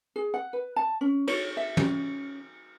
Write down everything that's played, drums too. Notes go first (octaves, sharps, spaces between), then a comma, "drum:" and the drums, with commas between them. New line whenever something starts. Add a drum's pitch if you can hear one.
G#4
F#5
B4
A5
C#4
C#5, drum: cymbal
E5
C#4, drum: tom